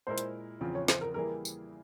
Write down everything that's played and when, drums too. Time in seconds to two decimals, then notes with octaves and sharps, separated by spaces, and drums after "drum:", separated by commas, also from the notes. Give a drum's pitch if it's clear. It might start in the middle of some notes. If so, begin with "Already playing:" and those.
0.07 A#2 G#3 E4 A#4 C5
0.18 drum: hi-hat
0.61 E2 C#3 F3 C4 F4
0.75 C#5
0.88 C5, drum: snare
1.01 A#4
1.14 E3 G3 A#3 E4 G#4 A#4
1.45 drum: tambourine